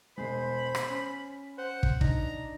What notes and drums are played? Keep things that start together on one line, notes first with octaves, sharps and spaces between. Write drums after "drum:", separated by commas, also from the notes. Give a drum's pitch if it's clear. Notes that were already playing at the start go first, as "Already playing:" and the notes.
E1 G#3 C5 B5
drum: rim click
C#4
C5 F#5
drum: kick
D4 D#4 A#5, drum: kick